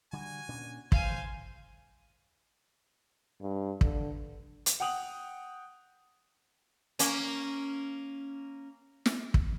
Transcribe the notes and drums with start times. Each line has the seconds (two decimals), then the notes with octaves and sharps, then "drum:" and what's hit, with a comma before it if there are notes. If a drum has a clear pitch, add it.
0.13 D3 G3 F#4 G#5
0.48 A#2 C#4 D4
0.92 G1 E2 C5 F5 G#5, drum: kick
3.41 G2
3.81 D3, drum: kick
4.66 drum: hi-hat
4.80 F#5 G5 D#6 F7 F#7
6.99 A#3 C#4, drum: hi-hat
9.06 drum: snare
9.34 drum: kick